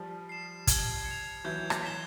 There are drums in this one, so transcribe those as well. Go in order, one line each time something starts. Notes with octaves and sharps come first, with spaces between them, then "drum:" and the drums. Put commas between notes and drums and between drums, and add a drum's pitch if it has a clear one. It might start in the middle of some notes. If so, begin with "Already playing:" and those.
Already playing: F3 G3
C7 E7
G#6, drum: kick, hi-hat
C#7
F7
E3 F#3 G6
drum: rim click
B6 E7 G7